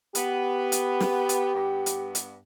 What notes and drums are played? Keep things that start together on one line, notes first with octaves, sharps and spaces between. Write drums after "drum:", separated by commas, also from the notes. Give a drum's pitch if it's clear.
B3 G4, drum: hi-hat
drum: hi-hat
drum: snare
drum: hi-hat
G2 B3
drum: hi-hat
drum: hi-hat